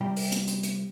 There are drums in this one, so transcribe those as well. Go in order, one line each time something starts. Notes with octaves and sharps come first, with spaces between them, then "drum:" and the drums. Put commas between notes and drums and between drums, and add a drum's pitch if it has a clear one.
C3 G3 E4 D5 G5 A#5
drum: open hi-hat
drum: hi-hat
drum: hi-hat
drum: hi-hat